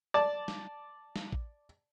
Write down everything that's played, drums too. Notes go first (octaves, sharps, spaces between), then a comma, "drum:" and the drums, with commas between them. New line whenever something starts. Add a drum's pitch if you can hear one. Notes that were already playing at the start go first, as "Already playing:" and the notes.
D5 A5
drum: snare
drum: snare
drum: kick A1